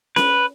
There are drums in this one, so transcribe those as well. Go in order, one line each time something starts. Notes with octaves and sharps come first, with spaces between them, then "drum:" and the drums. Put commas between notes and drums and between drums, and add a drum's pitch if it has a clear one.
B4, drum: snare C#4